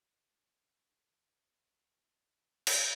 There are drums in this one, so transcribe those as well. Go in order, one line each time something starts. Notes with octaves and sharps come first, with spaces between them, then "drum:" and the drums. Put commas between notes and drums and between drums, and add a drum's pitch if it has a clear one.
B4 C5 D5 E5
drum: cymbal